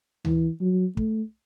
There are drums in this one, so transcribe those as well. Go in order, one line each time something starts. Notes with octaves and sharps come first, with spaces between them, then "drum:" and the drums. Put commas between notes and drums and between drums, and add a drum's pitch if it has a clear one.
E3, drum: tom D2
F#3
A3, drum: kick